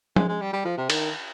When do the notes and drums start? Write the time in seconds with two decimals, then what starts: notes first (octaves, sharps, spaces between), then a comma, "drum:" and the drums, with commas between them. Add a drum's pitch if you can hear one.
0.16 G#3, drum: tom F3
0.29 G#3
0.41 G3
0.53 G3
0.65 F3
0.78 C3
0.90 D#3, drum: cymbal